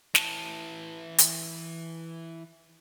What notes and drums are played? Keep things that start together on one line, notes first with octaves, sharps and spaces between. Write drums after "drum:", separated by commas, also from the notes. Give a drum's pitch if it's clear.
E3 A5, drum: snare
drum: hi-hat